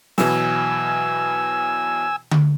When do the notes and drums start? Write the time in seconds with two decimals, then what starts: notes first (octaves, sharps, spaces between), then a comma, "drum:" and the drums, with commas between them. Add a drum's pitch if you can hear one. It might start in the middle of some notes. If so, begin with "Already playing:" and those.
0.18 B2 E3 F#3 G#5 E6, drum: snare
2.31 drum: tom D3